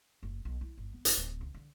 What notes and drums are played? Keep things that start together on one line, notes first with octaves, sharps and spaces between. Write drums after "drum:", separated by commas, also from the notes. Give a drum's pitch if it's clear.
F#1
B1
E4
G1
B3
E1, drum: hi-hat
D1
C#2
D3